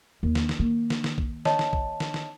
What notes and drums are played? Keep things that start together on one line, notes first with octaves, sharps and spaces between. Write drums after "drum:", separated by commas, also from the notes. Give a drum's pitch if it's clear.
D#2
drum: snare
drum: snare
D#3 A#3
drum: snare
drum: snare
drum: kick B1
C#5 D#5 A5, drum: snare
drum: snare
drum: kick B1
drum: snare
drum: snare